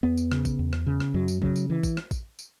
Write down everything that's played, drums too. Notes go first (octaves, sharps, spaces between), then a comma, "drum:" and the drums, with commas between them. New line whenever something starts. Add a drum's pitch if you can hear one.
E2 B3
drum: tambourine
C#3, drum: rim click
drum: kick, tambourine
E2
drum: rim click
C#3
drum: rim click
F#2 F#3
drum: tambourine
C#3 F#3, drum: kick
drum: tambourine
E3
drum: kick, tambourine
drum: rim click
drum: kick, tambourine
drum: tambourine